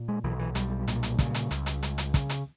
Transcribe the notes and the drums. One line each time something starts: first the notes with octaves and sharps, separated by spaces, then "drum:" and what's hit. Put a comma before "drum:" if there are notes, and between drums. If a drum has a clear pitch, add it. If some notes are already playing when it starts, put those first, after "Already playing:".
Already playing: A#2
G#3
B1 E3
E3
B1 G3, drum: hi-hat
A#2, drum: hi-hat
drum: hi-hat
C#3, drum: kick, hi-hat
drum: hi-hat
C#2, drum: hi-hat
drum: hi-hat
C#2, drum: hi-hat
drum: hi-hat
C#3, drum: kick, hi-hat
drum: hi-hat